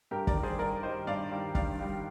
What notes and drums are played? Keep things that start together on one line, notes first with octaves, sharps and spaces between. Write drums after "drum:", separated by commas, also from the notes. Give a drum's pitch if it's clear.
G2 G4 A#4
A#4 D5, drum: kick
D#3 G3
G#4 C5
G2 A#4 D5
D#3 G3 C5 D#5
G2 D5 F5
D#3 G3
G2 D5 F5, drum: kick
D#3 G3